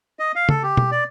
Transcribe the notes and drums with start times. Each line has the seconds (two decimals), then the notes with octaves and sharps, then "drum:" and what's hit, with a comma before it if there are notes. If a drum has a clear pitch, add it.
0.19 D#5
0.35 F5
0.49 A4, drum: tom
0.63 G4
0.77 drum: tom
0.92 D5